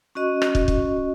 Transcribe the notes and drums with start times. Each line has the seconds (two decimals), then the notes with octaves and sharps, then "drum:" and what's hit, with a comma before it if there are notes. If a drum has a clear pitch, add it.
0.15 C#4 F#4 D#5 C#6
0.42 drum: rim click
0.55 drum: kick
0.68 drum: kick